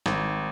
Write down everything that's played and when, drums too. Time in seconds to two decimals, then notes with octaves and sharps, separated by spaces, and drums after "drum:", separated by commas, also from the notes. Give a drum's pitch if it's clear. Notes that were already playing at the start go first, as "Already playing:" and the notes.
0.06 G#1, drum: snare